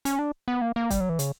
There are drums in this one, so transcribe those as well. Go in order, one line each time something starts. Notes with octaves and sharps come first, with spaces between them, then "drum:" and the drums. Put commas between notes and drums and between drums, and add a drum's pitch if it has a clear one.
C#4, drum: hi-hat
D4
B3
A#3
A#3
G3, drum: kick, hi-hat
F#3
E3
C#3, drum: hi-hat